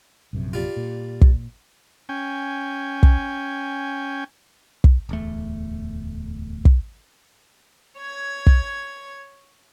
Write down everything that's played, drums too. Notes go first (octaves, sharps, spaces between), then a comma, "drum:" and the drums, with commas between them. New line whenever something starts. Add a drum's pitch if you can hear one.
A#1 F#2 C3
G3 F4
A#2
drum: kick
C#4 G5 G#5
drum: kick
drum: kick
D1 E2 A3
drum: kick
C#5 G#6
drum: kick